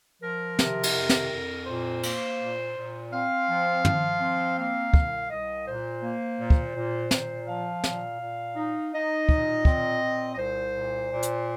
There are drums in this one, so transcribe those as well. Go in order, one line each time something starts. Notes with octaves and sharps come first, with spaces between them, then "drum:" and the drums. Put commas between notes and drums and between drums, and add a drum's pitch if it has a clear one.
F3 A#4
C3, drum: snare
drum: cymbal
F2
drum: snare
F2
A#2 C5
A#3, drum: cymbal
A#2
A#2
C4 F5
F3
F3, drum: tom
C4
A#3 F5
C2, drum: kick
C2 D#5
A#2 C5
A#3
A#2
drum: kick
A#2
A#2, drum: snare
F3 F5
A#2, drum: snare
A#2
D#4
D#4 D#5
A#2, drum: kick
C4, drum: kick
A#2
D#5
C2 C5
A#2
A#2
drum: hi-hat